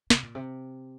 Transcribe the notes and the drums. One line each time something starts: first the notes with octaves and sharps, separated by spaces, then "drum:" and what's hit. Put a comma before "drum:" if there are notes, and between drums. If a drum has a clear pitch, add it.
C3, drum: snare
A#2
C3